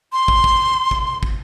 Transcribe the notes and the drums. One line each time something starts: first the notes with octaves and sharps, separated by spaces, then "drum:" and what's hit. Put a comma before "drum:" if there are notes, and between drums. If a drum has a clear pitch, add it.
C6
drum: kick
drum: kick
drum: kick
drum: kick